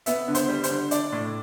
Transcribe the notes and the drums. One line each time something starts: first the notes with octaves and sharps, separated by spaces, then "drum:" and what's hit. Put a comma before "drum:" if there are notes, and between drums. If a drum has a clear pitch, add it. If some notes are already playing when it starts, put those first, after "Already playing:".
B3 E5, drum: hi-hat
D3
C5, drum: hi-hat
G3
C5, drum: hi-hat
D3
D4 D5, drum: hi-hat
A2